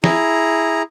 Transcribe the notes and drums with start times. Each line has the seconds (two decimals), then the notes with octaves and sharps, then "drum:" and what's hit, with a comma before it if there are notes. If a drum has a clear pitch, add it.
0.04 E4 G#4 A#5, drum: snare